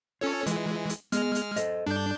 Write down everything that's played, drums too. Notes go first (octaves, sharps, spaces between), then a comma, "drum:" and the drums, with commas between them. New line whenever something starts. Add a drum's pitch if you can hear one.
C#4 F4 A4 C#5
E3 G#3, drum: hi-hat
drum: hi-hat
G#3 B3 G#4 D#5 F6, drum: hi-hat
drum: hi-hat
A4 C5 D#5, drum: hi-hat
G2 D4 A4 G6